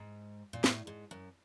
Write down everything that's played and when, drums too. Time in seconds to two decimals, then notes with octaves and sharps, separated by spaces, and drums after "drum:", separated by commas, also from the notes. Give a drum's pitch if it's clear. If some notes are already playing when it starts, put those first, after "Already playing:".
Already playing: G#2
0.53 A#2
0.64 A2, drum: snare
0.87 G#2
1.11 F#2